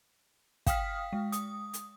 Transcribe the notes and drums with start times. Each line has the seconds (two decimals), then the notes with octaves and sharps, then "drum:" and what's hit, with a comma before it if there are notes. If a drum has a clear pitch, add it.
0.66 F5 G5 D#6 F6 B6, drum: kick, hi-hat
1.13 G#3
1.32 D#6, drum: hi-hat
1.73 drum: hi-hat